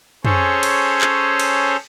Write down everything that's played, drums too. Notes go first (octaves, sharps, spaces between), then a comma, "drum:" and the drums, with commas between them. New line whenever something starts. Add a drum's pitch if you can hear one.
C#4 G#4 A4 C5 C#5, drum: tom
drum: cymbal
drum: clap
drum: cymbal